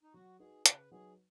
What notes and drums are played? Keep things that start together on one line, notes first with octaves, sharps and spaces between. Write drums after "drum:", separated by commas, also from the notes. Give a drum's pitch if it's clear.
D#4
F#3 F#4
D#4 F#4 G#4 B4
C#3 B4, drum: hi-hat
F#3 D#4 F#4 G#4 B4